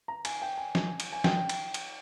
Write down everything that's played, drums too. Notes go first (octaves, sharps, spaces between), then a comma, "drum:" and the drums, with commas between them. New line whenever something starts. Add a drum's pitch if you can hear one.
A#5
G#5, drum: cymbal
G5
G#5
G#5, drum: snare
drum: cymbal
G#5
G5, drum: snare
drum: cymbal
drum: cymbal